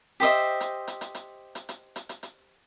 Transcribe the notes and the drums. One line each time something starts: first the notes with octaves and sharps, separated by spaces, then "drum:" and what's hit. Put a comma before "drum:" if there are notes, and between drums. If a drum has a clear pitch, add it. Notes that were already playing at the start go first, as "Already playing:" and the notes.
G4 C5 D#5 E5
drum: hi-hat
drum: hi-hat
drum: hi-hat
drum: hi-hat
drum: hi-hat
drum: hi-hat
drum: hi-hat
drum: hi-hat
drum: hi-hat